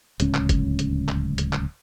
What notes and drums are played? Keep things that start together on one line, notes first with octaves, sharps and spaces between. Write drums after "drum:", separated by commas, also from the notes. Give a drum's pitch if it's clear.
D1 C#2 C#4, drum: hi-hat
drum: clap
drum: kick G1, hi-hat
drum: hi-hat
drum: clap
drum: hi-hat
drum: clap